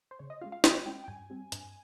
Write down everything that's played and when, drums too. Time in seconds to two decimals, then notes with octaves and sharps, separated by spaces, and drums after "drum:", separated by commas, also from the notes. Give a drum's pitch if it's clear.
0.11 C5
0.19 C#3 C#5
0.30 D#5
0.41 G#3 C#4 F4 F5
0.52 F5
0.64 C#3 D#5, drum: snare
0.86 G#3 C#4 F4 G5
1.04 G5
1.08 G2 G#5
1.30 G3 C4
1.52 G2, drum: hi-hat